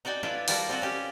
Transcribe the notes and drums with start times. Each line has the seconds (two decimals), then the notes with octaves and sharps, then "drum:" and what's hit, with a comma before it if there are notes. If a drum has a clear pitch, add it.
0.05 D#4 F#4 D5 G5 G#5
0.23 D4 E4 F4 B4
0.48 F3 G3 F#4 A#4 D5, drum: open hi-hat
0.69 C4 F4 F#4
0.82 C#4 G4